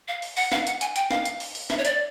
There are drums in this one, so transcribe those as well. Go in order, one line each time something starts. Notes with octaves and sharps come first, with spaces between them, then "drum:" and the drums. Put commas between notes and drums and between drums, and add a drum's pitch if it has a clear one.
F5
drum: open hi-hat
F#5, drum: open hi-hat
F5, drum: snare
F#5, drum: hi-hat
G#5, drum: hi-hat
G5, drum: hi-hat
F5, drum: snare
drum: hi-hat
drum: open hi-hat
drum: open hi-hat
E5, drum: snare
C#5
D5, drum: hi-hat